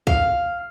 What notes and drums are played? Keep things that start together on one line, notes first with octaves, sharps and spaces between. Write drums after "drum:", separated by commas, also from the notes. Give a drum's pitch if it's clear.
F5, drum: kick